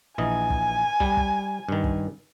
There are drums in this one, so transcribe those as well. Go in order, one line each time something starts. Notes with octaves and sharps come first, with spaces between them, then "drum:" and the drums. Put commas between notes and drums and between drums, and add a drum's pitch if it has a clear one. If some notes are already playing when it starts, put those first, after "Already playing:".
A#1 E3 D#5 G#5
drum: kick
G3, drum: kick
drum: kick
G2 D#3
drum: kick